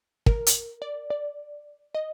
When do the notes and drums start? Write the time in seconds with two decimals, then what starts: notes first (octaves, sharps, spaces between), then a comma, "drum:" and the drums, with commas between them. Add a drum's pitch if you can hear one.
0.26 A#4, drum: kick
0.46 drum: hi-hat
0.82 D5
1.10 D5
1.95 D#5